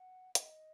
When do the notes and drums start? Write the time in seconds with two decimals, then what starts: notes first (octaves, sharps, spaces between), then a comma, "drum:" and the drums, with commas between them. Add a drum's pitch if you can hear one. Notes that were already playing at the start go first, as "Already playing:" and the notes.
Already playing: F#5
0.35 D#5, drum: hi-hat